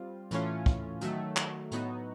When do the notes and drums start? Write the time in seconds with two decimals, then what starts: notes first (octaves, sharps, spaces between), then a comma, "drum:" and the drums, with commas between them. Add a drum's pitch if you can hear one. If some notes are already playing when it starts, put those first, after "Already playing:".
Already playing: G3 C4 F4
0.31 A2 E3 A3 C#4 F4, drum: hi-hat
0.66 drum: kick
1.01 D#3 F#3 A3, drum: hi-hat
1.37 drum: clap
1.72 A2 F#3 B3 D#4 F#4, drum: hi-hat